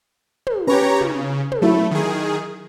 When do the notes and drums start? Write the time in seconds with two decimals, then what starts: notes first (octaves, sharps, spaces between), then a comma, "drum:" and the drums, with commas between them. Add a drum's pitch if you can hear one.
0.47 drum: tom
0.67 C#4 G4 B4 C#5 A#5
1.01 C#3, drum: tom
1.52 drum: tom
1.62 F#3 A3 E4
1.91 D#3 G#4